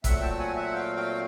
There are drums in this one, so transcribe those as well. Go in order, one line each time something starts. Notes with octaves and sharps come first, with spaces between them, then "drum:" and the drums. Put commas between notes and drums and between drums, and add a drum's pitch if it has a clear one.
A#2 F#3 A3 C4 E5 F#5, drum: kick, hi-hat
G5 A5
F#5 G#5
E5 F#5
F5 G5
F5 G5